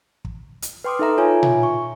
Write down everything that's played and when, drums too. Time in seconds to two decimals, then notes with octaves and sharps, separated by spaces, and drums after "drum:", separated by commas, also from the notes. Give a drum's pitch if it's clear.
0.25 drum: kick
0.62 drum: hi-hat
0.84 B4 G5 C6 D6 D#6
0.99 D#4 A4 E5 A#5
1.18 F4 C#5 E5 G#5
1.43 drum: tom A#2
1.63 C#6